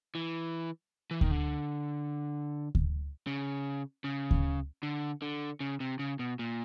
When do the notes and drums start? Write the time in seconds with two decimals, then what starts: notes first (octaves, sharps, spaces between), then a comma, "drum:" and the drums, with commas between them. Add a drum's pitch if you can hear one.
0.15 E3
1.11 E3
1.21 D#3, drum: kick D2
1.31 D3
2.75 drum: kick D2
3.27 C#3
4.04 C#3
4.31 drum: kick D2
4.83 D3
5.22 D3
5.60 C#3
5.80 C3
5.99 C#3
6.19 B2
6.39 A#2